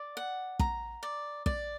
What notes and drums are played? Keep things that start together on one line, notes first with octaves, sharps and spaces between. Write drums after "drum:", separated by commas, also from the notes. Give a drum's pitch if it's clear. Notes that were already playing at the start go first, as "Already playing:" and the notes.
Already playing: D5
F#5
A#5, drum: kick
D5
D5, drum: kick